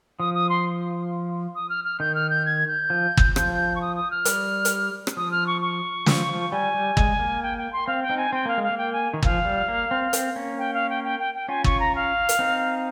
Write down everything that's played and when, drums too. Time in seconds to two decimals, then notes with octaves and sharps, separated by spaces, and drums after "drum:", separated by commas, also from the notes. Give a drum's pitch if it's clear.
0.19 F3 D#6
0.34 D#6
0.49 C6
1.55 D#6
1.69 F6
1.84 F6
1.99 D#3 G6
2.14 F6
2.29 G6
2.45 G#6
2.67 G6
2.90 F3
3.17 drum: kick G1
3.36 F3, drum: rim click
3.75 C#6
3.81 D#6
3.96 D#6
4.11 F6
4.25 G3, drum: hi-hat
4.65 drum: hi-hat
5.07 drum: rim click
5.16 F3 D#6
5.31 F6
5.46 C#6
5.61 C#6
6.06 F3, drum: snare
6.29 F3
6.52 G3 G#5
6.74 G3
6.97 G#3, drum: kick G1
7.19 A#3
7.42 G5
7.58 G5
7.72 C6
7.87 C4 F5
8.02 G5
8.10 C4 D#4
8.17 G#5
8.33 C4 G5
8.46 A#3 F5
8.58 G#3
8.63 F5
8.71 A#3
8.77 G5
8.92 G#5
9.14 D#3
9.23 F3 F5, drum: kick G1
9.45 G3
9.68 A#3
9.91 C4
10.13 C4, drum: hi-hat
10.36 A#3 C#4
10.58 G5
10.73 F5
10.89 G5
11.04 G5
11.19 G5
11.34 G5
11.49 C#4 F4 G#5
11.64 C#6, drum: kick G1
11.79 A#5
11.95 F5
12.29 drum: hi-hat
12.39 C4 D#4